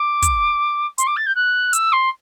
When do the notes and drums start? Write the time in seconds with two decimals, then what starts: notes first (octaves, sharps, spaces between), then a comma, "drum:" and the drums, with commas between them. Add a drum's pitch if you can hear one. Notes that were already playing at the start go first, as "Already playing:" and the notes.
Already playing: D6
0.22 drum: kick, hi-hat
0.98 C6, drum: hi-hat
1.07 D6
1.17 A6
1.26 G6
1.36 F#6
1.73 E6, drum: hi-hat
1.93 C6